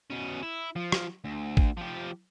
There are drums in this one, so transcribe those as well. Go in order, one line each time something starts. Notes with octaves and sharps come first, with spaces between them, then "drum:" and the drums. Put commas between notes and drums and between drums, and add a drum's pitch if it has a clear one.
B2 C#4
E4
F3
drum: rim click
D2
drum: kick A1
F3 G4